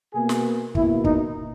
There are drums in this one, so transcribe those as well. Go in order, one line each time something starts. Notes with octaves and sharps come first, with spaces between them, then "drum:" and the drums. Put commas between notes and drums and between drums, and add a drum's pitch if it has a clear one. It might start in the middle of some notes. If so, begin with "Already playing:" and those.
B2 A#3 G#4
drum: snare
B2 A#3 E4, drum: kick
D#4, drum: kick